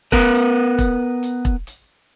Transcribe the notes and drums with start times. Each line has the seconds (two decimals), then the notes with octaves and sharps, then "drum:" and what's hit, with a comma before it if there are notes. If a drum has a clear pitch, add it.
0.12 B3 A#4 B4, drum: kick E1
0.34 drum: hi-hat
0.79 drum: kick E1, hi-hat
1.23 drum: hi-hat
1.45 drum: kick E1
1.67 drum: hi-hat